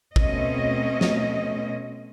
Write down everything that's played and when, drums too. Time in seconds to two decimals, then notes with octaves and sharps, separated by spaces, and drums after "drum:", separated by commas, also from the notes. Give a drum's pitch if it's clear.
0.16 B2 A3 C4 C#4 D#5, drum: kick
1.01 drum: snare